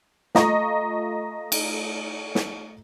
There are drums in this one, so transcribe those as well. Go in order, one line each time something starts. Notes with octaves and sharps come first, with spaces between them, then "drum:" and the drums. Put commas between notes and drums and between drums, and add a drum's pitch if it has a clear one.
A3 F4 D#5 A#5 C#6, drum: snare
drum: cymbal
drum: snare